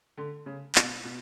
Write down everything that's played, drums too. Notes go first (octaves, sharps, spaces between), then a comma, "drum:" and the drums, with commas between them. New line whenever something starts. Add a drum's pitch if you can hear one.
D3
C#3
B2, drum: clap
B2